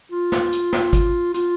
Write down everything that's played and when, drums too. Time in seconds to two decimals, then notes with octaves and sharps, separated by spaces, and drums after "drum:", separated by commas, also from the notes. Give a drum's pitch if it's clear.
0.12 F4
0.32 drum: snare
0.52 drum: hi-hat
0.73 drum: snare
0.93 drum: kick G#1, hi-hat
1.34 F4, drum: hi-hat